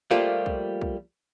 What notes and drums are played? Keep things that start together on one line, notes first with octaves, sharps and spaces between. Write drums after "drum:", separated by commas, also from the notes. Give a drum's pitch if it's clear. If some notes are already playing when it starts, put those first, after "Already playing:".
F3 G3 A3 A#3 F4 G4
drum: kick
drum: kick